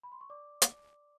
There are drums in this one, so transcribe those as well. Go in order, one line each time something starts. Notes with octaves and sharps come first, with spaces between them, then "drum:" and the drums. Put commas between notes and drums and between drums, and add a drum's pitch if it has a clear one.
B5
C6
C#6
D5 D6
drum: hi-hat